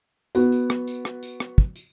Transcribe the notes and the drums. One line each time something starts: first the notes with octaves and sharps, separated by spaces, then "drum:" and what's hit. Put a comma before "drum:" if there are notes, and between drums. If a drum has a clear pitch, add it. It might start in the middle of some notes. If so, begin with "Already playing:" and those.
B3 F#4, drum: tambourine
drum: tambourine
drum: rim click
drum: tambourine
drum: rim click
drum: tambourine
drum: rim click
drum: kick
drum: tambourine